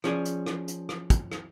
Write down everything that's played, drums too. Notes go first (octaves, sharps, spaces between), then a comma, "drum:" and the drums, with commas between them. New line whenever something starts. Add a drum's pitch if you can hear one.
F3 C#4 G#4 D5, drum: rim click
drum: hi-hat
drum: rim click
drum: hi-hat
drum: rim click
drum: kick, hi-hat
drum: rim click